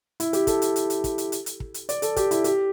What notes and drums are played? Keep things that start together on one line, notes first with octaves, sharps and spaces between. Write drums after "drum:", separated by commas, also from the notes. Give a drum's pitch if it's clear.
E4, drum: hi-hat
G4, drum: hi-hat
A4, drum: kick, hi-hat
drum: hi-hat
drum: hi-hat
drum: hi-hat
drum: kick, hi-hat
drum: hi-hat
drum: hi-hat
drum: hi-hat
drum: kick
drum: hi-hat
D5, drum: hi-hat
A4, drum: hi-hat
G4, drum: kick, hi-hat
E4, drum: hi-hat
G4, drum: hi-hat